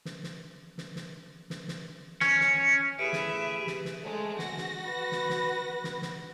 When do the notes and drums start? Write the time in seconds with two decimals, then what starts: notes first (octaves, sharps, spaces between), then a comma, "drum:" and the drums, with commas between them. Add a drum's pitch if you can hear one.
0.05 drum: snare
0.23 drum: snare
0.78 drum: snare
0.96 drum: snare
1.50 drum: snare
1.68 drum: snare
2.21 C#4, drum: snare
2.40 drum: snare
2.99 A2 G4 G#4 B4 E5 B5 D7 D#7
3.13 drum: snare
3.67 drum: snare
3.85 drum: snare
4.03 G#3 A3
4.39 F#4 A#6, drum: snare
4.57 drum: snare
4.89 B4
5.12 drum: snare
5.30 drum: snare
5.84 drum: snare
6.02 drum: snare